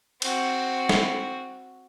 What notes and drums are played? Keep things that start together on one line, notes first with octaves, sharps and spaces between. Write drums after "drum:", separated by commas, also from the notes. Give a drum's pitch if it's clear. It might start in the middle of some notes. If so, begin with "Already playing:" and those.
C4 F#4, drum: cymbal
drum: snare